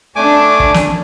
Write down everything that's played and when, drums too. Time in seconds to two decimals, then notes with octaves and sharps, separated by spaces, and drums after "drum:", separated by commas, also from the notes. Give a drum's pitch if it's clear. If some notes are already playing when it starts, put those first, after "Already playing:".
0.16 A3 D4 G#5 D6
0.60 drum: kick
0.74 drum: snare